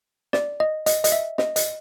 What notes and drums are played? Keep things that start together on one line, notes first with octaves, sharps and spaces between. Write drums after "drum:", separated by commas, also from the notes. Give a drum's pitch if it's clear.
D5, drum: snare
D#5
D#5, drum: hi-hat
D#5, drum: hi-hat
E5
D#5, drum: snare
D#5, drum: hi-hat